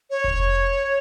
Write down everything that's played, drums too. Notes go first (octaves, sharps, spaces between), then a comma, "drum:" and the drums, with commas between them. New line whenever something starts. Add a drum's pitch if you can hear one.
C#5
drum: kick F1